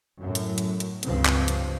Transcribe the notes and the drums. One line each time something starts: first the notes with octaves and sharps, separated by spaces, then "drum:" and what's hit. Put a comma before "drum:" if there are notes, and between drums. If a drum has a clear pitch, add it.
F#2 A2
drum: hi-hat
drum: hi-hat
drum: hi-hat
C#2 G2 F3 C4, drum: hi-hat
drum: clap
drum: hi-hat